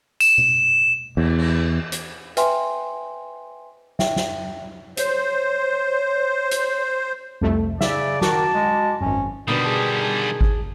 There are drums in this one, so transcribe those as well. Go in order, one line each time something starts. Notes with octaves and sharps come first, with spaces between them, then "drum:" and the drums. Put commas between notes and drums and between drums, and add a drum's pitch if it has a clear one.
E7, drum: tambourine
drum: tom B2
E2, drum: cymbal
drum: cymbal
drum: hi-hat
B4 E5 G5 G#5 C6, drum: hi-hat
E5 G5, drum: snare
drum: snare
C5 C#5, drum: hi-hat
drum: hi-hat
C2 F2 A3
C#3 D5 E5, drum: snare
D#3 F#4 A5 D6, drum: snare
G#3
G#1 F#2 C#4
B2 D3 D#3 G3 D4 B4 B5 D#6
G#4 A5
drum: kick G#1